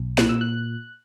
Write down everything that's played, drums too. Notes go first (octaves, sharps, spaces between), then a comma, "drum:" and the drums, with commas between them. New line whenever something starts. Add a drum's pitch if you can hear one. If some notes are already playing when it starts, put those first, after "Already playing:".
Already playing: B1
A#2 F#6, drum: snare
E6
F#6